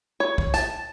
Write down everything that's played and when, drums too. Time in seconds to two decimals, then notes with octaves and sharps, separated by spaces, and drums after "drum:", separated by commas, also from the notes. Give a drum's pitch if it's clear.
0.20 C#5
0.38 drum: kick
0.54 A5, drum: hi-hat